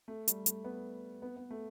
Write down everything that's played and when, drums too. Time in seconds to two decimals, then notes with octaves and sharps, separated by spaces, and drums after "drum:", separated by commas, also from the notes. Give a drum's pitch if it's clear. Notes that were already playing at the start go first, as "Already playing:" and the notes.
0.08 A3
0.28 G3, drum: hi-hat
0.46 A3, drum: hi-hat
0.64 B3
1.22 B3
1.36 B3
1.50 A3